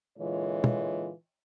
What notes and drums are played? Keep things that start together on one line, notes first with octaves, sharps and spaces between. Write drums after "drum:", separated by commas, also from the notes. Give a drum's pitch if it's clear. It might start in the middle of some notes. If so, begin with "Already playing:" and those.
A#2 D3 E3 G#3 F4 C#5
drum: tom